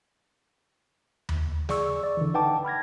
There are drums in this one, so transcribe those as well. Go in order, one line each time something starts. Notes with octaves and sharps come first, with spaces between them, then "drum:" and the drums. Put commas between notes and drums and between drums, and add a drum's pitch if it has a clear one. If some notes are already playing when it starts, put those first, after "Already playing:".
drum: tom D#2
G#4 D5 C#6 E6, drum: snare
D5
D3 E3
D#4 B4 F#5 G5 A5 D6
B5 F6 G#6 A#6